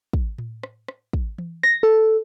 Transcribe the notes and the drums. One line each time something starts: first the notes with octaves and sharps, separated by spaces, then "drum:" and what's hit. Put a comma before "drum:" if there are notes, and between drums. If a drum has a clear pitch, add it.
drum: kick
drum: tom A2
drum: rim click
drum: rim click
drum: kick
drum: tom E3
A#6, drum: rim click
A4